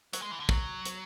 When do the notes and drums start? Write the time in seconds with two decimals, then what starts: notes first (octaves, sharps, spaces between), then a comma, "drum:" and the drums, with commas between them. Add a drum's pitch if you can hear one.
0.13 F#3, drum: hi-hat
0.22 G#3
0.31 E3
0.40 D3
0.49 F#3, drum: kick
0.85 drum: hi-hat